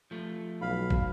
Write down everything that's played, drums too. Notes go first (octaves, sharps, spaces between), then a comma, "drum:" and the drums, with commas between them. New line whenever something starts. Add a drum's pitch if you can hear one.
F3 A3
B1 F5 B5
drum: kick